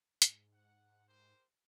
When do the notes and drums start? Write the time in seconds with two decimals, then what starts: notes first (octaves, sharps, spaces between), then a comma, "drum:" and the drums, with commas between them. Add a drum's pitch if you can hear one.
0.22 G#2, drum: hi-hat
0.52 F#5
1.07 G4 A#4 C5